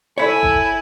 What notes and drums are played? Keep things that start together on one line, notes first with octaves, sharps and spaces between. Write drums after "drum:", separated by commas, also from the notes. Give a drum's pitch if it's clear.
E4 A4 C#5 G#5 B5
drum: kick G#1